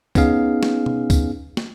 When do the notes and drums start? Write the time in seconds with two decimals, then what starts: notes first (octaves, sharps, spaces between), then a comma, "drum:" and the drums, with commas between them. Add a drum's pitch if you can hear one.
0.15 B3 C#4 D#4 G#4 F5, drum: kick, tambourine
0.63 drum: snare
0.86 drum: tom
1.10 drum: kick, tambourine
1.57 drum: snare